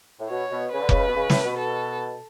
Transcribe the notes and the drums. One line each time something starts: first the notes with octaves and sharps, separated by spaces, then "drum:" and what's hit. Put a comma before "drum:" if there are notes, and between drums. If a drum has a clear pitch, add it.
A2
B2 C#5
B2
C#3 B4
D3
C#2 C#3, drum: kick F1
B2
C#2 C#3
A2, drum: snare
B2
A4